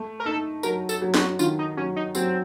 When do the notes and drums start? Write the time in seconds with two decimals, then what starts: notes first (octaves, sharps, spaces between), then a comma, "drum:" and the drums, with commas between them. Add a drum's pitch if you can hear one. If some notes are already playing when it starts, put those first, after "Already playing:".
Already playing: A3
0.20 A#4
0.26 D#4 A4
0.63 F#3 A#4, drum: tambourine
0.89 A4, drum: tambourine
1.02 F#3
1.14 F#4, drum: snare
1.39 D#3 F4, drum: tambourine
1.59 D#4
1.77 F#3 C#4
1.96 D#4
2.15 F#3 C4, drum: tambourine